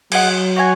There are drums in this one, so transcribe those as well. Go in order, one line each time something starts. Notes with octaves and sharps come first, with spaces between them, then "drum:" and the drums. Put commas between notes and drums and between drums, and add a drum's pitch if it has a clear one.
F#3 G#4 D#5 F#5, drum: cymbal
F#4 C#5 F5 G#5